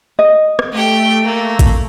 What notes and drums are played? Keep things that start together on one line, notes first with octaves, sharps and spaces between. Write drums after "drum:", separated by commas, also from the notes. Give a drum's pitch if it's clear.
D#5
drum: rim click
A3 G4 G5
A#3
drum: kick A1, hi-hat